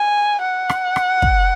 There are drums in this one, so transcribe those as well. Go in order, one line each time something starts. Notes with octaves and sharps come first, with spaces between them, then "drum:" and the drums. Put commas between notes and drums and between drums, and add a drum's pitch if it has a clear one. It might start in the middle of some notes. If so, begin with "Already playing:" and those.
Already playing: G#5
F#5
drum: rim click
drum: rim click
drum: kick